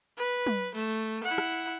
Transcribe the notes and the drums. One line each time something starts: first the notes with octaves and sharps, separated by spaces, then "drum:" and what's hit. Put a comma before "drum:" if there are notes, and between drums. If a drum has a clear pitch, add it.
B4
drum: tom
A3, drum: open hi-hat
drum: open hi-hat
E4 F#5
drum: rim click